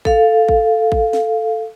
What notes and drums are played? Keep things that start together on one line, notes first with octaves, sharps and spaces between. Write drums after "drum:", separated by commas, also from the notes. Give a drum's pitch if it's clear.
A4 F5, drum: kick A1
drum: kick A1
drum: kick A1
drum: snare